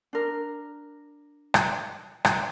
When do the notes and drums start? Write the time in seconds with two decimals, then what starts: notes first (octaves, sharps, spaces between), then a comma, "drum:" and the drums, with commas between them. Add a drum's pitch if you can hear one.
0.13 D4 A#4
1.54 drum: rim click
2.25 drum: rim click